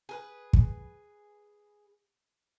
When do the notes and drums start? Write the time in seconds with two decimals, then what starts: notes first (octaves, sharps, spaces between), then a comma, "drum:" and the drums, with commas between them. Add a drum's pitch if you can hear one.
0.09 G#4 A#4 B4
0.53 drum: kick